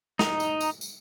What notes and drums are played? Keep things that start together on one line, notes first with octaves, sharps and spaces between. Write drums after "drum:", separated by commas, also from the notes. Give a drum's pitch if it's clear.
D#4 A#5, drum: snare
drum: tambourine
drum: tambourine
drum: tambourine